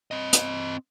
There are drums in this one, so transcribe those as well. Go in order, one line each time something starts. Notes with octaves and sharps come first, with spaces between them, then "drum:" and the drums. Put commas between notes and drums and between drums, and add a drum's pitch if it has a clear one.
C4 D#5
drum: hi-hat